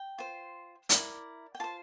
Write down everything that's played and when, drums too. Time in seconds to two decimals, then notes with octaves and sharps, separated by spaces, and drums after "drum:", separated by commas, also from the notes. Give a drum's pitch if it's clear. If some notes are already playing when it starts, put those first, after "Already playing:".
Already playing: G5
0.18 F4 C5
0.89 E4 A#4 D5, drum: hi-hat
1.55 G5
1.60 F4 C5 A5